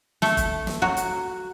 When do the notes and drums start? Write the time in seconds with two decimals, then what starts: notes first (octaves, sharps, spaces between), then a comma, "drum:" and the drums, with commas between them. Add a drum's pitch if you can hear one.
0.22 A3 A4, drum: snare
0.37 drum: kick, hi-hat
0.67 drum: snare
0.82 F#3 F#4
0.97 drum: hi-hat